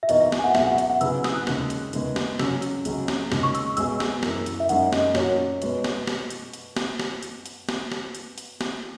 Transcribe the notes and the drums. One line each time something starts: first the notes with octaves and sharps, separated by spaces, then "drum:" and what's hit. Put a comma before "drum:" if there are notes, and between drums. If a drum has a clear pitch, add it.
E5
E2 B2 A#3 D#4 D#5, drum: hi-hat
E5
E5, drum: snare
G#5
F#5
C#2 B2 F#3 E5, drum: snare
F#5
E5, drum: hi-hat
F#5
C#3 F#3 B3 E4 G#4 E6, drum: hi-hat
E6
D#6, drum: snare
F#6
D#2 C#3 G#3 F#6, drum: snare
drum: hi-hat
D#2 C#3 G#3 B3, drum: hi-hat
drum: snare
C#3 F#3 C#4 E6, drum: snare
drum: hi-hat
C#2 C#3 F#3 C#4, drum: hi-hat
drum: snare
D#2 C#3 G#3, drum: snare
C#6
E6, drum: hi-hat
C#2 B2 G#3 C#4 G#4 E6, drum: hi-hat
drum: snare
F#2 E3 A#3, drum: snare
drum: hi-hat
E5
F#2 D#3 G#3 C#4 F#5, drum: hi-hat
D#5, drum: snare
A#2 F#3 C#4 F#4 C#5, drum: snare
B2 G#3 B3, drum: hi-hat
drum: snare
drum: snare
drum: hi-hat
drum: hi-hat
drum: snare
drum: snare
drum: hi-hat
drum: hi-hat
drum: snare
drum: snare
drum: hi-hat
drum: hi-hat
drum: snare